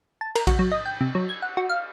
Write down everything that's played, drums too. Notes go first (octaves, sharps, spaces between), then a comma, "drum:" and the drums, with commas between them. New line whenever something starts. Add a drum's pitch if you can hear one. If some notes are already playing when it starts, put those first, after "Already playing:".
A5
A#4, drum: cymbal
F#4, drum: kick A#1, cymbal
F#3
D#5
G5
C3
F#3
G#6
F#5
F#4
F5